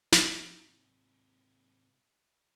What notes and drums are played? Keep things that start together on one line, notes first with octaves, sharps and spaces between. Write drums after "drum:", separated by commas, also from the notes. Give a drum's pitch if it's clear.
G#2 C3, drum: snare